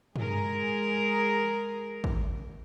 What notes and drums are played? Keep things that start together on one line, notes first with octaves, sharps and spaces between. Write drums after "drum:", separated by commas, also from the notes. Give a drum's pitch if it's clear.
G#3 G#4 A#4, drum: tom G2
drum: kick